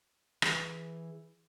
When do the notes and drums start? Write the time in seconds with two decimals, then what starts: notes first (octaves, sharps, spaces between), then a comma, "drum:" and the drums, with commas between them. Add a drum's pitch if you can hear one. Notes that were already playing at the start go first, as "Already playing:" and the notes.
0.42 E3 G#4 B4, drum: rim click